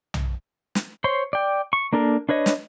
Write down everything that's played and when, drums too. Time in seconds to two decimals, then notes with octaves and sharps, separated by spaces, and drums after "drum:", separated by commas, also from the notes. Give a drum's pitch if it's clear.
0.14 drum: tom B1
0.75 drum: snare
1.04 C5 C#5 C6
1.33 D5 G5
1.73 C#6
1.93 A#3 D4 A4 A#4
2.29 D4 B4 C#5 D#5
2.46 drum: snare